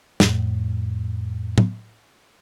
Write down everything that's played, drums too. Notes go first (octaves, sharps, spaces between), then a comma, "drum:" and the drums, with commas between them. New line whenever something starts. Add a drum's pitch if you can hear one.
F2 A2, drum: snare
drum: tom